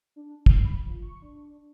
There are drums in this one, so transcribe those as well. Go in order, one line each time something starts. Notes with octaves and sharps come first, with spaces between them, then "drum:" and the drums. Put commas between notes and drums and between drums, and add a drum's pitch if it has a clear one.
D4
C7, drum: kick
B5
F3
C#6
D4